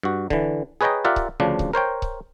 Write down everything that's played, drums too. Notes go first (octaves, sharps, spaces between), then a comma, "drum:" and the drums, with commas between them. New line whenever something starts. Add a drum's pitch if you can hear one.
G2 F#4
D3 E3, drum: kick C#1
G#4 B4 C#5 D#5 G5 A#5
F4 G4 A#4 D5 E5 F#5
drum: kick C#1
D2 C#3 F3 D4
drum: kick C#1
A#4 C5 C#5 G5
drum: kick C#1